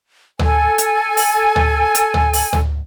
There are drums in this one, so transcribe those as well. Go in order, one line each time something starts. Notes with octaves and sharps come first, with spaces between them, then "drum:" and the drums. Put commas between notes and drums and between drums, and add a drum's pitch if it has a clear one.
A4 G#5, drum: tom D2
drum: hi-hat
drum: open hi-hat
drum: tom D2
drum: hi-hat
drum: tom D2
drum: open hi-hat
drum: tom D2